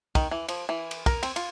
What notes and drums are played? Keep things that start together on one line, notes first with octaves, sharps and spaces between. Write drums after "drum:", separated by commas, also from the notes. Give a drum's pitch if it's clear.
D#3, drum: kick, cymbal
E3
F3, drum: cymbal
E3
drum: cymbal
A#4, drum: kick, cymbal
C4, drum: cymbal
F4, drum: cymbal